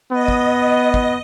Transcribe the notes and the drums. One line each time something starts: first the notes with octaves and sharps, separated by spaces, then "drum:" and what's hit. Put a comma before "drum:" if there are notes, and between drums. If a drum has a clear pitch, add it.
B3 D#5
drum: kick
drum: kick